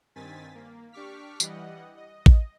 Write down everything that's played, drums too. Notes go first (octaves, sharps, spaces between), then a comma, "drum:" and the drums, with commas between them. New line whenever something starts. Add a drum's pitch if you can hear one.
G2 D#3 C4 G#5 A6 B6
A#3
D4 G4 C#6 D6 F6 B6
E3 G3 D#5 F#5, drum: tambourine
D#5
drum: kick A1